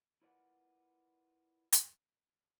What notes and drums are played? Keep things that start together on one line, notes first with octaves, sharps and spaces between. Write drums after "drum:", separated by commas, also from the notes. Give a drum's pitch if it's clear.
E4 F4 A#4 B4 D5 F#5
drum: hi-hat